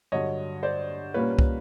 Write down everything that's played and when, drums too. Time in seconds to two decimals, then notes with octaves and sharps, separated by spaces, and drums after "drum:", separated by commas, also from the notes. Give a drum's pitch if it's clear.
0.12 G2 D3 F#3 C#5 D#5
0.63 C5 D5
1.14 A#2 G3 A#3 C#4 B4 C#5
1.39 drum: kick